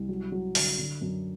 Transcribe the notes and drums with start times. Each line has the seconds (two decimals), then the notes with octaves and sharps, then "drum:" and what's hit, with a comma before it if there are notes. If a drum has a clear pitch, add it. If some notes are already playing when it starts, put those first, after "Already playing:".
Already playing: C2
0.09 F#3
0.32 F#3
0.55 D3, drum: open hi-hat
0.78 D3
1.01 F#2